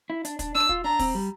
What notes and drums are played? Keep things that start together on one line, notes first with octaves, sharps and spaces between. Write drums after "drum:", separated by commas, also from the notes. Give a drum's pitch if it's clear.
E4
D4, drum: hi-hat
D4, drum: kick, hi-hat
D4 E6
F4, drum: kick
D4 A#5
C4, drum: kick, open hi-hat
G3